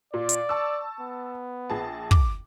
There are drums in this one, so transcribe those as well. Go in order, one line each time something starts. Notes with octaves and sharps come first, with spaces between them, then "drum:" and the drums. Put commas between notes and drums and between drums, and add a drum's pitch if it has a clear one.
A#2 D5
drum: hi-hat
A5 C#6 E6
B3
A#1 G#4 A5
D6, drum: kick